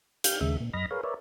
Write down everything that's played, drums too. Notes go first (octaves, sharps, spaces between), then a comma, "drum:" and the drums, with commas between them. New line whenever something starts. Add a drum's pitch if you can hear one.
G4 F5 G6, drum: hi-hat
D#2 C#3 G#3 E5
A#2
F#2 D#5 B5 F6 A#6
G#4 A#4 B4 C#5 F5
A#4 B4 C#5 D5 E5